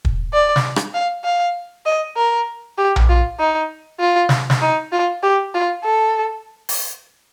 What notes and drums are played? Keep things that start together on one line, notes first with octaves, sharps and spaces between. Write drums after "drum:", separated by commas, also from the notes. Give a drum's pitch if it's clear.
drum: kick
D5
drum: snare
drum: rim click
F5
F5
D#5
A#4
G4
drum: tom A#1
F4
D#4
F4
drum: snare
drum: snare
D#4
F4
G4
F4
A4
drum: open hi-hat